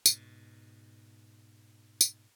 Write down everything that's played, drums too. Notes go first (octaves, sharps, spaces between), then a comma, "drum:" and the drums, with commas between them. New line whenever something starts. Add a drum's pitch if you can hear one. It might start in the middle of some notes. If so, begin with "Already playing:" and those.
G#2 B2, drum: tambourine
drum: tambourine